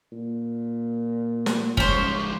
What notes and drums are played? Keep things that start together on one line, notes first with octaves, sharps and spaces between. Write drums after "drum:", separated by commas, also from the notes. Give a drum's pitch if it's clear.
A#2
drum: snare
F3 G3 G#3 C#4 C5, drum: kick F#1